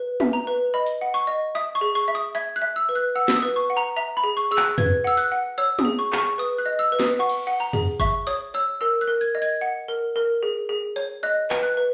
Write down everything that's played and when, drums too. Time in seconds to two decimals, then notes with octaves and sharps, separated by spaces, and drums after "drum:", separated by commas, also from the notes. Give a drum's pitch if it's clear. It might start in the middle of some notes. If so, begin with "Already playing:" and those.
Already playing: B4
0.20 E5, drum: tom
0.33 A#5
0.47 B4
0.74 D#5 B5
0.86 drum: hi-hat
1.01 F#5
1.14 C#6
1.27 D#5
1.55 E5 D#6
1.75 C#6
1.81 G#4
1.95 C#6
2.08 E5
2.15 D#6
2.35 E5 G#6
2.56 F#6
2.62 E5
2.76 E6
2.89 B4
2.95 F#6
3.15 F#5 E6
3.28 E6, drum: snare
3.36 D#6
3.42 B4
3.56 C#6
3.70 F#5
3.77 A#5
3.96 E5 A#5
4.17 B5
4.24 G#4
4.37 C#6
4.51 G#4 E6
4.57 F#6, drum: clap
4.78 B4 G#6, drum: tom
5.04 F#5 E6
5.17 F#6, drum: hi-hat
5.32 F#5
5.58 C#5 E6
5.79 D#6, drum: tom
5.85 G#4
5.99 C#6
6.12 G#4, drum: clap
6.18 C#6
6.38 B4 D#6
6.58 F#6
6.66 D#5
6.79 E6
6.92 B4
7.00 D#6, drum: snare
7.19 F#5 C#6
7.29 drum: cymbal
7.47 F#5
7.60 A#5
7.73 G#4, drum: tom
8.00 E5 C#6, drum: kick
8.27 C#5 D#6
8.54 C#5 E6
8.81 A#4 E6
9.01 F#6
9.08 A#4
9.21 G#6
9.35 D#5
9.42 G#6
9.61 F#5
9.88 A#4
10.16 A#4
10.43 G#4
10.69 G#4
10.96 C#5
11.23 D#5 F#6
11.50 B4, drum: clap
11.63 F#6
11.77 B4